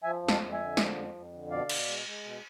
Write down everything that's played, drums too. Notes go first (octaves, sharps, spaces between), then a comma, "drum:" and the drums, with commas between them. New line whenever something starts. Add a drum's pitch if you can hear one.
F3 E5 G#5
F2
F5 A5, drum: snare
F2
E5 G#5
D3
F3, drum: snare
F2
F2
D3
B2 D5 F5
B2, drum: cymbal
G#3
G#3
B2